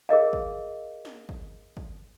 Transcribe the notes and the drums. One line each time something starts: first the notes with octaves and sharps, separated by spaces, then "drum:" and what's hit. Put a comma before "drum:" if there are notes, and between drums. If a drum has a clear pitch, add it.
G#4 A#4 D#5 F5
drum: kick
drum: snare
drum: kick
drum: kick